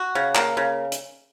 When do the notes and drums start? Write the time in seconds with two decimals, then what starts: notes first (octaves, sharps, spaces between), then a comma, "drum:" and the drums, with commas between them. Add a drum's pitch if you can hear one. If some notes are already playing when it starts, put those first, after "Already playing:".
Already playing: F#4
0.15 C#3
0.35 A#3, drum: clap
0.57 C#3
0.92 drum: hi-hat